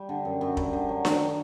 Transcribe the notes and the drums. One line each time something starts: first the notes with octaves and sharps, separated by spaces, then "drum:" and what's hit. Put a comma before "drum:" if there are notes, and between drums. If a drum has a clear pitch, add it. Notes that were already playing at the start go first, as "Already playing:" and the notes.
Already playing: G3
D3
F#2
F#2
G3, drum: kick
D3
F#3
D#3, drum: snare D4